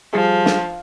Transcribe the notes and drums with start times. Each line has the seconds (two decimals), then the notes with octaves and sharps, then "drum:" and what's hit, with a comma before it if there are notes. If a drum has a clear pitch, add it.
0.13 F3 G3 G#4
0.46 drum: snare